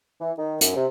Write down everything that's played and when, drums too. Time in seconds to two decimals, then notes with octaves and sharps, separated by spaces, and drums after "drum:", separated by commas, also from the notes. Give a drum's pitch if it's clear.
0.21 E3
0.38 D#3
0.61 F#2, drum: hi-hat
0.76 C3